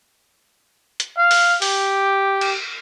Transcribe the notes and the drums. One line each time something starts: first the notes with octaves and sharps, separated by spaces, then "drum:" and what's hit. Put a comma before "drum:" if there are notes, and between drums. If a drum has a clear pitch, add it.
drum: hi-hat
F5
drum: open hi-hat
G4, drum: open hi-hat
drum: cymbal